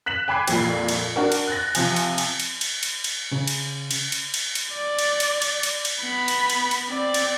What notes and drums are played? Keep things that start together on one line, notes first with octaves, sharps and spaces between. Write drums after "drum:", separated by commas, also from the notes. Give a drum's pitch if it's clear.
F#6 B6 E7 F#7
G5 G#5 B5 D6 G#6 C7
C2 F2 A#2 C7, drum: cymbal
drum: cymbal
D4 F#4 A#4
drum: cymbal
F#6 A6 A#6
C3 F3 G#5, drum: cymbal
drum: cymbal
drum: cymbal
drum: cymbal
drum: cymbal
drum: cymbal
drum: cymbal
C#3
drum: cymbal
drum: cymbal
drum: cymbal
drum: cymbal
drum: cymbal
D5
drum: cymbal
drum: cymbal
drum: cymbal
drum: cymbal
drum: cymbal
B3 B5
drum: cymbal
drum: cymbal
drum: cymbal
C4 D5
drum: cymbal